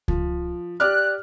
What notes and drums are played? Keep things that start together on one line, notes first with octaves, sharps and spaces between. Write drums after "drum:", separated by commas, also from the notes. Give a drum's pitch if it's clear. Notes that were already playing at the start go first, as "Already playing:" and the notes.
F3, drum: kick C#2
G4 D5 F6 F#6